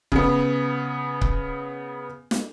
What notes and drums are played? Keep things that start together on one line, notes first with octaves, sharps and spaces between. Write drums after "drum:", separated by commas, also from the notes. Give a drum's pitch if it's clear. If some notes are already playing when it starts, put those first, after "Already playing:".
C#3 B3, drum: kick C#1
drum: kick C#1
drum: snare